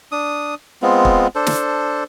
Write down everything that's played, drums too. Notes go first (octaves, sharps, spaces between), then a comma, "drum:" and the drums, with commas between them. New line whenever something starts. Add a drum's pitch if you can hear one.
D4 D#6
G#3 B3 C4 F4
drum: kick
D4 A4 C5
drum: snare